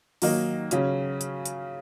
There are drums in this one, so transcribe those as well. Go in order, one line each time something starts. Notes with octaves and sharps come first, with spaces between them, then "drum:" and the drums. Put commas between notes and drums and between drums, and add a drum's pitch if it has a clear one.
D#3 F#3 A#3 D#4, drum: open hi-hat
C#3 F#3 C#4, drum: hi-hat
drum: hi-hat
drum: hi-hat